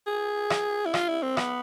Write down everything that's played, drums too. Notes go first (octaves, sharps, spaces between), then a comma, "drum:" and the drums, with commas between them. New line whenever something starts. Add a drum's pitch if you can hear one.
G#4
drum: rim click
E4
F4, drum: rim click
E4
C4
B3, drum: rim click